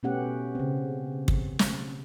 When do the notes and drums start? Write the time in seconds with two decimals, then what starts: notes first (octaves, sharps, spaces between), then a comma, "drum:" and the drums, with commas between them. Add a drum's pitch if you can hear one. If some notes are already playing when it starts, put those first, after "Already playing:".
0.03 B2 A3 B3 C#4 G4 F#5
0.55 C#3 C4
1.28 drum: kick
1.59 drum: snare